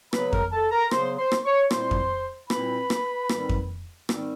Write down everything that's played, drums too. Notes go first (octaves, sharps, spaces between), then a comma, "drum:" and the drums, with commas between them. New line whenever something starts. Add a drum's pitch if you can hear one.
C#3 F#3 B3 B4 B5, drum: rim click
A#4 A#5, drum: kick F2
A4 A5
A#4 A#5
C#3 F#3 B3 C5 C6, drum: rim click
C5 C6
drum: rim click
C#5 C#6
A#2 G3 C4 E4 C5 C6, drum: rim click
drum: kick F2
A#2 G3 C4 E4 B4 B5, drum: rim click
drum: rim click
G#2 D#3 G3 C4, drum: rim click
drum: kick F2
G#2 D#3 G3 C4, drum: rim click